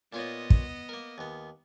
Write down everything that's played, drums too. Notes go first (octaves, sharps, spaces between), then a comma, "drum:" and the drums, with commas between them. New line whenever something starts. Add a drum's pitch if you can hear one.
A#2 B3 F4 C#5 D#5
drum: kick
A#3 A#4
D#2 B3